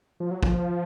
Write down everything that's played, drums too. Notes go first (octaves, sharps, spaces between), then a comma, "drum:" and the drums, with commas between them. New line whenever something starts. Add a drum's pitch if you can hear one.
F3
F#3
F3, drum: kick